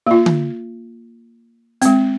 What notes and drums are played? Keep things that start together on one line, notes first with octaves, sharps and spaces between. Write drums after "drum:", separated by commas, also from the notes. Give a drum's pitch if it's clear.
A#3 F4
drum: tom D3
G#3 C4, drum: hi-hat